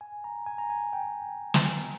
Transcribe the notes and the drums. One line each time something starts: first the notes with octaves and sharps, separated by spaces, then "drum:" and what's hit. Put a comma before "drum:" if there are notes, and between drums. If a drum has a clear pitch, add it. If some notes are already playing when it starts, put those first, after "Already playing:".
G#5
A#5
G#5
A#5
G#5
G5
drum: snare